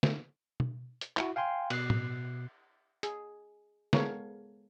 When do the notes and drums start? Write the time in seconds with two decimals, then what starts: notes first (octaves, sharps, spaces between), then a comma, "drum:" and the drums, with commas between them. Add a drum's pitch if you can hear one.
0.03 drum: snare
0.60 drum: tom
1.01 drum: hi-hat
1.17 E4 F#4, drum: clap
1.36 F5 G5 G#5 C6
1.70 B2 F#6 C7, drum: cymbal
1.90 drum: tom A2
3.03 G#4, drum: hi-hat
3.93 G#3 B3 A4 A#4 C#5 F5, drum: snare